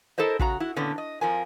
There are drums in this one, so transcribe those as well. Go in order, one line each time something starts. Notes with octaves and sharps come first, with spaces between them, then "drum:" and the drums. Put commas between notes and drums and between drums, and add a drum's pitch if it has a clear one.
E4 A4 A#4 C5 D#5
C#3 F#4 A#5, drum: kick
E4 F#4
A#2 D3 B3 C#4
D#5
F2 F3 A#4 G#5